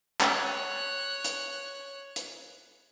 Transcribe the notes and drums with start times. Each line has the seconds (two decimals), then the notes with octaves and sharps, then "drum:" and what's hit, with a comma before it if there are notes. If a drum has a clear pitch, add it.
0.21 C#5 F#6, drum: clap
1.24 drum: hi-hat
2.16 drum: hi-hat